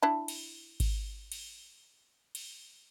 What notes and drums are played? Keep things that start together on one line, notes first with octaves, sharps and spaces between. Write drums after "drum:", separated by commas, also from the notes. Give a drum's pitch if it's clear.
D4 E4 A5
drum: cymbal
drum: kick G#1, cymbal
drum: cymbal
drum: cymbal